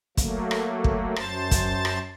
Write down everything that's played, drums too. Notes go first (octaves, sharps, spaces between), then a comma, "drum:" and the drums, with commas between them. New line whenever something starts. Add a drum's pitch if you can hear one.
F#3 A3 A#3, drum: kick, hi-hat
drum: rim click
drum: kick
F#2 C5 A5 A6, drum: rim click
drum: kick, hi-hat
drum: rim click